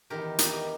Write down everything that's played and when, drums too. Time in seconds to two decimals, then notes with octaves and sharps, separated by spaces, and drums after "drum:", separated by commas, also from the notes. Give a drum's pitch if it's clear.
0.10 E2 D#3 G4 A#4
0.39 D#4 G4, drum: hi-hat